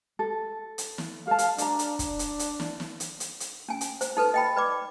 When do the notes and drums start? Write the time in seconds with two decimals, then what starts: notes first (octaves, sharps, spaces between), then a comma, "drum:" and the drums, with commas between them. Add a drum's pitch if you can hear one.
0.19 A4
0.78 drum: hi-hat
0.98 drum: snare
1.27 A4 F5 A5
1.38 drum: hi-hat
1.58 D4 D5 A#5, drum: hi-hat
1.79 drum: hi-hat
1.99 drum: kick, hi-hat
2.19 drum: hi-hat
2.39 drum: hi-hat
2.60 drum: snare
2.80 drum: snare
3.00 drum: hi-hat
3.20 drum: hi-hat
3.40 drum: hi-hat
3.69 C#4 G#5
3.81 drum: hi-hat
4.01 C5, drum: hi-hat
4.17 D#4 A4 B4
4.34 D#5 G5 B5
4.56 B4 D5 D6